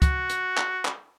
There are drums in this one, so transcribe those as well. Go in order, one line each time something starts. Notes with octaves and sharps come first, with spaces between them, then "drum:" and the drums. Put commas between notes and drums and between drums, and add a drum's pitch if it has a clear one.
F#4, drum: kick C#2, hi-hat
drum: hi-hat
drum: clap
drum: clap